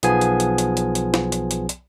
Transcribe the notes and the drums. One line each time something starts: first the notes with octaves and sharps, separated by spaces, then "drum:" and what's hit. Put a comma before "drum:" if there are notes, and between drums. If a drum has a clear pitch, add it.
B1 F3 B3 G#4 G#5, drum: hi-hat
drum: hi-hat
drum: hi-hat
drum: hi-hat
drum: hi-hat
drum: hi-hat
drum: snare
drum: hi-hat
drum: hi-hat
drum: hi-hat